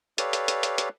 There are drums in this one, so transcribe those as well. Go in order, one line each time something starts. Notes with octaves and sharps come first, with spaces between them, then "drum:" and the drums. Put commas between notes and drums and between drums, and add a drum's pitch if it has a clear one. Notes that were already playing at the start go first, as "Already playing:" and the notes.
G4 A4 B4 C#5 D5 F5, drum: hi-hat
drum: hi-hat
drum: hi-hat
drum: hi-hat
drum: hi-hat